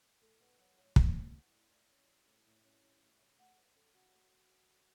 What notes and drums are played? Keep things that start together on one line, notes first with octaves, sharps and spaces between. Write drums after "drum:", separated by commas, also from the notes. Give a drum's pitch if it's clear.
A2 A4
B3 B4
F#3 F#5
A2 C#5
A2 C#5, drum: kick
B3 F#4
F#3 E4
A2 D5
A2 D5
C#4
G3
A2
A2
C#4
G3
A2
C#3 E5
A3 F#5
F#3 B4
C#4 A4
C#3 F#4
A3
F#3
C#4
D3